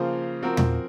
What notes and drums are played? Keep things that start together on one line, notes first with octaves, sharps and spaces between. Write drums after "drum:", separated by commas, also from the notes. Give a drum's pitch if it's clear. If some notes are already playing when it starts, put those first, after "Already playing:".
Already playing: C#3 F3 A#3 F4 C5
F3 C4 F#4 A#4
drum: tom